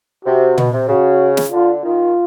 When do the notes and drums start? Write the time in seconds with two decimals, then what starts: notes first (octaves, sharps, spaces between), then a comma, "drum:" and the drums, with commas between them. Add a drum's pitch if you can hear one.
0.25 C3 F#4
0.58 B2, drum: tom A#2
0.73 C3
0.88 C#3 F#4
1.37 drum: snare
1.52 D3 F4
1.84 D#3 F4